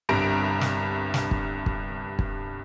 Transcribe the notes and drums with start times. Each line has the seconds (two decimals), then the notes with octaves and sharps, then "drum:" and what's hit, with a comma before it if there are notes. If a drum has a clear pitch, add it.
0.09 G1 C2 G2 A#5 A#6 D7
0.61 drum: snare
1.14 drum: snare
1.31 drum: kick
1.66 drum: kick
2.19 drum: kick